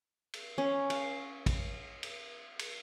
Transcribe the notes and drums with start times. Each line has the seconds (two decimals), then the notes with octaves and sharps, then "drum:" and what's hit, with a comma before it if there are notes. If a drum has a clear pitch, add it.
0.33 drum: cymbal
0.58 C#4
0.90 F5, drum: cymbal
1.46 drum: kick, cymbal
2.03 drum: cymbal
2.59 drum: cymbal